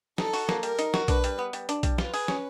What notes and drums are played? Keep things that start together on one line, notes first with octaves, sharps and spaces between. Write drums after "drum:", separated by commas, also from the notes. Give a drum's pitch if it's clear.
D#4 A4, drum: snare
F#4, drum: open hi-hat
A#3, drum: snare
G3 A#4, drum: hi-hat
D#4, drum: hi-hat
F#4, drum: snare
D4 B4, drum: kick B1, hi-hat
G3, drum: hi-hat
B3
G3, drum: hi-hat
D4, drum: hi-hat
G3, drum: kick B1, hi-hat
F4 B4, drum: snare
G#4, drum: open hi-hat
C#4, drum: snare